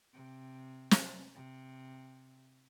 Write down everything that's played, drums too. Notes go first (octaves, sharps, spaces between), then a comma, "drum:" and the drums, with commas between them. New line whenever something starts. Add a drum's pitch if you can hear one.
C3
drum: snare
C3